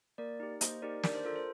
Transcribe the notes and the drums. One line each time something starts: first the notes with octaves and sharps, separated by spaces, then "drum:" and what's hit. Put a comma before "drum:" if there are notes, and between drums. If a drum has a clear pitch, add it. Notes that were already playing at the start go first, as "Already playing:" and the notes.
A#3 A#4 D5
D#4 G4
A#3 C5 D#5, drum: hi-hat
D#4 G4 A#4 D5
D4 A#4 D5, drum: snare
C5
F4 A4 A#4
C5